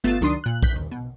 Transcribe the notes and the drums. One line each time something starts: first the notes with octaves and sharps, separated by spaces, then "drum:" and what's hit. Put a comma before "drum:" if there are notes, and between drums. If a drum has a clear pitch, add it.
G1 A3 B3 F4 A6 E7
C#2 D#3 F#3 D4 C6 D#6
A#2 F#6
F#6 G6 B6, drum: kick A#1
D#2
B2